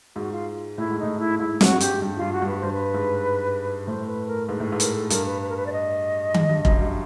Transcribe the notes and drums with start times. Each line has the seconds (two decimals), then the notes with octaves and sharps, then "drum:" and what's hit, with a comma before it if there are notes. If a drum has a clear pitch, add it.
0.16 G#2 F#4
0.32 F4
0.77 A2 E4
0.90 G#2
0.99 A2 D#4
1.19 E4
1.39 G#2 E4
1.61 F#4, drum: snare
1.71 G2
1.80 G4, drum: hi-hat
2.02 G2
2.17 G2 F4
2.33 F#4
2.42 G2
2.47 B4
2.61 G2 C5
2.72 B4
2.94 G#2
3.87 A2 C5
4.07 B4
4.27 A#4
4.48 G#2 B4
4.60 A2 B4
4.72 G#2
4.80 A#4, drum: hi-hat
4.95 A4
5.10 G2 A#4, drum: hi-hat
5.25 B4
5.41 B4
5.50 A#4
5.56 B4
5.66 D5
5.72 D#5
6.34 G#2, drum: tom D#3
6.49 G2
6.65 F#2, drum: kick F1
6.81 G2